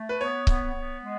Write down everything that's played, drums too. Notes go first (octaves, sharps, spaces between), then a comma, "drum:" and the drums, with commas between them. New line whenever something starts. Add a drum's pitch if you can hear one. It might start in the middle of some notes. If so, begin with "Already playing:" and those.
Already playing: A3
B4
B3 C#5
B3, drum: kick C#1
B3
G#3